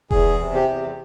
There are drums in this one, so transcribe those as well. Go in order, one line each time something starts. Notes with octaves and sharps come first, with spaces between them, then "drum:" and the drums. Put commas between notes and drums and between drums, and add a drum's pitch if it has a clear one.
E2 G#4, drum: kick E1
C3
G4
E2